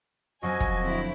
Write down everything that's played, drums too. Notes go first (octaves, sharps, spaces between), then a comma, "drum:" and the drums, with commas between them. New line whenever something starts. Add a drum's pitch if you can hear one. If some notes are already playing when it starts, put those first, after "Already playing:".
F2 F#3 C#4 F#4 D#5 G#5
drum: kick
D3 C4 E4